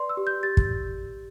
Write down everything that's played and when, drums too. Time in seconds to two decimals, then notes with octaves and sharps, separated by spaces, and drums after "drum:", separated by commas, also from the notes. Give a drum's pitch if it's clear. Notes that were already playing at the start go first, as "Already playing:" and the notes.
Already playing: B4 D5 C6
0.09 E6
0.17 G4
0.27 G6
0.43 G4 A6
0.57 drum: kick